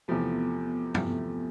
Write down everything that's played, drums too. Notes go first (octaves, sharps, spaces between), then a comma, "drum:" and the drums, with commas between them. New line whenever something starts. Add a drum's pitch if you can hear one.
E2 C3 F3 A3 B3
E2 C3 F3 A3, drum: tom G2